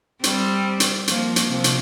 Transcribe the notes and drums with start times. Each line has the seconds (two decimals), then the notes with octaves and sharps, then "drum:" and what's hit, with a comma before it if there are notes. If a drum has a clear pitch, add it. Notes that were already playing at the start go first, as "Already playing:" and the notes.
0.24 G3 C4, drum: hi-hat
0.80 drum: hi-hat
1.08 F3 A#3, drum: hi-hat
1.36 drum: hi-hat
1.50 C3 F3
1.64 drum: hi-hat